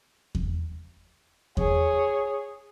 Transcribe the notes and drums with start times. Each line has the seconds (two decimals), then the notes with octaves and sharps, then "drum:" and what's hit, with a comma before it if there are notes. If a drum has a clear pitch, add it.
0.35 drum: kick E2
1.57 G#4 C#5, drum: kick E2